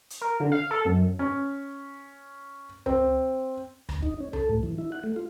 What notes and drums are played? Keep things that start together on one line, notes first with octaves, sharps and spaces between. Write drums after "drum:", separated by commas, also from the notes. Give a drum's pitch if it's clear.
drum: hi-hat
A#4
D3
F5
A4
F#2
C#4
C4, drum: tom C#2
D2, drum: rim click
D#4, drum: kick
C#4
A4, drum: tom C#2
A2
E3
E4
F#5
A3
F4